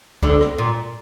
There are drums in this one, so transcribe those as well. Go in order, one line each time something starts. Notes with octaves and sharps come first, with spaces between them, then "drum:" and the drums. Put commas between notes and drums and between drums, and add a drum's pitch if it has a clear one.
D2 D3, drum: kick C#2
drum: rim click
A#2